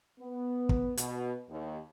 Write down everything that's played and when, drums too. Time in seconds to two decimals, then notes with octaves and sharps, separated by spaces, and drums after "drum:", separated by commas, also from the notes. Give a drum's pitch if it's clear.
0.20 B3
0.69 drum: kick
0.97 B2, drum: hi-hat
1.50 D#2